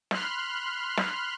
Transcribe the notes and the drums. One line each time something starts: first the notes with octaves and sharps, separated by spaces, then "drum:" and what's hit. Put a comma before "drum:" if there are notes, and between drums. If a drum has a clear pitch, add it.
B5 C6 F6 F#6, drum: snare
drum: snare